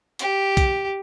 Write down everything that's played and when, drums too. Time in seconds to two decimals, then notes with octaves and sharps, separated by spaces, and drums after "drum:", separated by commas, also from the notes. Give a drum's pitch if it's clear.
0.19 G4, drum: hi-hat
0.57 drum: kick B1, hi-hat